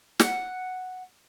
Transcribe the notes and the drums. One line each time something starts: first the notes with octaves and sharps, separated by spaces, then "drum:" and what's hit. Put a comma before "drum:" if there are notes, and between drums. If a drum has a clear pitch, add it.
F#5, drum: snare